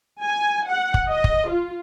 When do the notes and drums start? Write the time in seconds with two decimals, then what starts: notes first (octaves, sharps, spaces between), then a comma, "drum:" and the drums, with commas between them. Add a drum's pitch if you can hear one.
0.23 G#5
0.69 F#5
0.94 drum: kick
1.09 D#5
1.24 drum: kick
1.50 F4